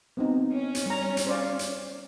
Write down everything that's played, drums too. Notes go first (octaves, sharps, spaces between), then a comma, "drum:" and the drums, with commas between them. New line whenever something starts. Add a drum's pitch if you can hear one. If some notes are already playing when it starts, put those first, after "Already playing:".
B3 C4 D#4
C#4
drum: hi-hat
G3 A#5
drum: hi-hat
C5 D5 F5
drum: hi-hat